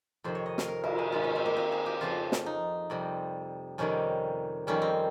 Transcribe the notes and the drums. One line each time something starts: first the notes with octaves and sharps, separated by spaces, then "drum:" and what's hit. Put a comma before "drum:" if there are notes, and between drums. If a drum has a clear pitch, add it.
F2 C3 D#3 C5
C#5
D#5
F5, drum: snare
A#4
A#4, drum: cymbal
G#4
G#2 D#3 G#3 F4
C#4
C4
A#3
C4
G#4
G4
F2 C#3 F3 F4
drum: snare
D#4
F2 C3 G3
F2 C3 D#3 G3 C#4
F2 D#3 G3 C#4
C4